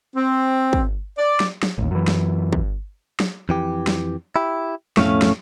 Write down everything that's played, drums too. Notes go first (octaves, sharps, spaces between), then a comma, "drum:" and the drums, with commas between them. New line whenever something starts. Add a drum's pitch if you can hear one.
C4
drum: kick
D5
drum: snare
drum: snare
A1 D#2
F#2 E3
drum: snare
drum: kick
drum: snare
F2 E3 G4
drum: snare
E4 G4
B1 F2 A2 A3 C#4 F5, drum: snare
drum: snare